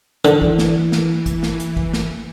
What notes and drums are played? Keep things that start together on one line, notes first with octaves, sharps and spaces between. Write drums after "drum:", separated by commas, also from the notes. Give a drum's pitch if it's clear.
D3 E3, drum: hi-hat
drum: kick
drum: snare
drum: snare
drum: kick, hi-hat
drum: snare
drum: hi-hat
drum: kick
drum: snare